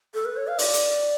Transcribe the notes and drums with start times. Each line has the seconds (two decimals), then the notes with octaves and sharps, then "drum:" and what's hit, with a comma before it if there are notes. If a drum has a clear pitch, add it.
0.14 A4
0.25 B4
0.37 C#5
0.47 F5
0.59 D5, drum: open hi-hat
0.73 drum: hi-hat